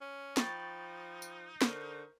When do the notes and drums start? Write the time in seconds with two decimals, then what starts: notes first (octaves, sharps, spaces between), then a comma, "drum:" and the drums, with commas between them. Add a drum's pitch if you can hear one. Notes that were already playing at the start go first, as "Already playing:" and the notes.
0.01 C#4
0.37 F3 D#4 G5 B5 C#6 A6, drum: snare
1.22 drum: tambourine
1.62 D3 A#4 C5 C#6, drum: snare